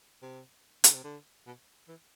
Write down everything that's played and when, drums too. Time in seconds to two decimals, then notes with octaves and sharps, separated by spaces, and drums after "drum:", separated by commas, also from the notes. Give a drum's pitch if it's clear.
0.22 C3
0.84 D3, drum: hi-hat
0.94 C3
1.04 D3
1.46 B2
1.88 E3